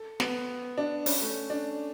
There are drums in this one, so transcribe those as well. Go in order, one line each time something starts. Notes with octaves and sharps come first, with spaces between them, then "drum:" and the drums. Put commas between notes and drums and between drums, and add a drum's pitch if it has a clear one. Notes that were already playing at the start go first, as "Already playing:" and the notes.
Already playing: A4
B3, drum: snare
D4
C#4, drum: open hi-hat
A3
D4